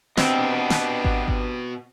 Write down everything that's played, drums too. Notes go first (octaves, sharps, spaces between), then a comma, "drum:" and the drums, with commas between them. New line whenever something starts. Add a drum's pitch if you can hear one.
B2 B3 C4 D4 G4 D#5 F#5 G5, drum: snare
drum: snare
drum: kick G#1
drum: kick G#1